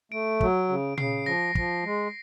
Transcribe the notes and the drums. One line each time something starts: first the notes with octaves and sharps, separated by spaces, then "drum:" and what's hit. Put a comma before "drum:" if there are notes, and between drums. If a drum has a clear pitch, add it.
A3 D7
F#3, drum: kick
C#3
C#3 C7, drum: tom A#2
F3 A#6
F3, drum: kick
G#3